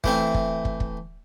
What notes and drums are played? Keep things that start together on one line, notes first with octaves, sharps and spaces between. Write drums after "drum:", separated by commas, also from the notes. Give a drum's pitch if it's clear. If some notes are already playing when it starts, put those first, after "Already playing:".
E3 A3 C4, drum: kick
drum: kick
drum: kick
drum: kick